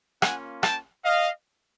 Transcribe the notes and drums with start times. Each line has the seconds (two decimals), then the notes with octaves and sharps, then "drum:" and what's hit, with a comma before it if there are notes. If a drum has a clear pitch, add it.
0.22 A#3 C#4 F4 F#5 G#5, drum: rim click
0.63 G5 A5, drum: rim click
1.04 D#5 F5